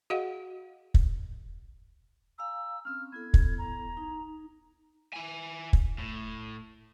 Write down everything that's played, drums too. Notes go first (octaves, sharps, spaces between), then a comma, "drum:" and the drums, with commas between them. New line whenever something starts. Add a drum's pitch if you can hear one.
F#4 G#4 D#5 F5 F#5
drum: kick
F5 G#5 A#5 E6
C4 C#4 F6
B3 E4 A4 G#6
drum: kick
A#5
D#4
E4 G#5
drum: kick
A2